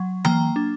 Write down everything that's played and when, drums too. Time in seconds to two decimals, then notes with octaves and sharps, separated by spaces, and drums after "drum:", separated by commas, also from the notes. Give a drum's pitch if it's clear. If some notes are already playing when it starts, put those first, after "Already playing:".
Already playing: F#3
0.25 A#3 G5 A#5, drum: tom E3
0.56 D4